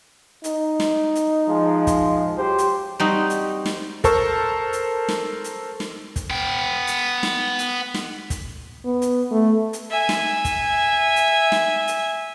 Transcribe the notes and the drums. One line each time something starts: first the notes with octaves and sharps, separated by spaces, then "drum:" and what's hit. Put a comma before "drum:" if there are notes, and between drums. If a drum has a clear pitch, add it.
D#4, drum: hi-hat
drum: snare
drum: hi-hat
F3 G#3
drum: kick, hi-hat
F#3 G4 C5
drum: hi-hat
G3 C4 D#4 F#4
drum: hi-hat
drum: snare
A4 A#4 C5 A5 C#6 E6, drum: kick, hi-hat
drum: hi-hat
drum: snare
drum: hi-hat
drum: snare
drum: kick, hi-hat
B3 G5
drum: hi-hat
drum: snare
drum: hi-hat
drum: snare
drum: kick, hi-hat
B3
drum: hi-hat
A3
drum: hi-hat
E5 G#5
drum: snare
drum: kick, hi-hat
drum: hi-hat
drum: snare
drum: hi-hat